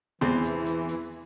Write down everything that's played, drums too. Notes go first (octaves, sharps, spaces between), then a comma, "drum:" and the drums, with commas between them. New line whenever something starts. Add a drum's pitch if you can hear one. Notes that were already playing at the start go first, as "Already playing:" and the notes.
E2 E3 C4, drum: snare
drum: hi-hat
drum: hi-hat
drum: hi-hat